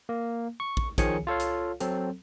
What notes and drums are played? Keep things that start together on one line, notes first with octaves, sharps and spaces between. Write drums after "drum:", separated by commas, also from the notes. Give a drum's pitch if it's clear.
A#3
C#6
drum: kick
D#3 F3 G#4 C#5 G#5 C#7, drum: kick, hi-hat
F4 A4 C#5 F5
drum: hi-hat
F#3 C4 A4, drum: hi-hat